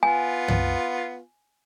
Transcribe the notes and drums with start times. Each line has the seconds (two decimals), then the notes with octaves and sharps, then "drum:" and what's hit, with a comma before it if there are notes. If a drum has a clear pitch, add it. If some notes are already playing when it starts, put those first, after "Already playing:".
0.03 B3 F4 G#5
0.48 drum: tom